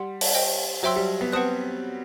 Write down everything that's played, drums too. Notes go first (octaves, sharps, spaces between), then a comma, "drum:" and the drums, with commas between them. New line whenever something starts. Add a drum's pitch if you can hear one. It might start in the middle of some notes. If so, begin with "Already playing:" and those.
Already playing: G3 F#5 C6
drum: open hi-hat
C5 D#5 G5
F#3 C5 E5 G5 C6 E6
G3
B3
C4 B4 F#5 A5 D#6 F#6